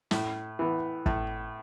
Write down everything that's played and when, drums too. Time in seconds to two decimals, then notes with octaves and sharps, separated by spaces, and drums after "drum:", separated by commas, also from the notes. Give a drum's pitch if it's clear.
0.11 A2, drum: snare
0.59 E3 B3
1.06 A2, drum: kick